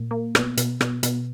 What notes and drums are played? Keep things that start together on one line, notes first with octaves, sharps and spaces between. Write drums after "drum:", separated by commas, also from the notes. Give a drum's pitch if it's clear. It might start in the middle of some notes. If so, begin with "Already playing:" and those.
Already playing: A#2
A#3
B2, drum: rim click
B2, drum: hi-hat
B2, drum: rim click
B2, drum: hi-hat